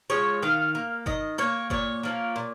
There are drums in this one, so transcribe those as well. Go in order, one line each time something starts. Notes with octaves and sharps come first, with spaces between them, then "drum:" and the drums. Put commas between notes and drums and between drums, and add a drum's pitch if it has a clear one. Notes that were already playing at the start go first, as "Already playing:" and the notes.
F3 G#3 C#5
D#3 F5
A#3
D#3 D#5, drum: kick G1
A#3 C#5
A#2 C#5, drum: kick G1
F3 A#3
A#2